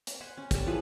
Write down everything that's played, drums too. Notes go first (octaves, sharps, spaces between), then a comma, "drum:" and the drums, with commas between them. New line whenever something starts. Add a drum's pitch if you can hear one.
drum: hi-hat
C5 F#5 G#5 B5
C#4
G3 A4, drum: kick, hi-hat
E3 F3 G#4 B4